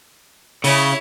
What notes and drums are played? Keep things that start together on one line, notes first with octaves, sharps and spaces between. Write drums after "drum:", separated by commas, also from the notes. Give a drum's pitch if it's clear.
C#3 E4 C#5, drum: open hi-hat